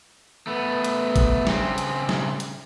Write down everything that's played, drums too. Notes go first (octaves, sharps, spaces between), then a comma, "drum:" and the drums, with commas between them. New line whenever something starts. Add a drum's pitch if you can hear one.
A3 B3
drum: hi-hat
drum: kick G#1, hi-hat
C#3 C4, drum: snare
drum: hi-hat
drum: snare
drum: hi-hat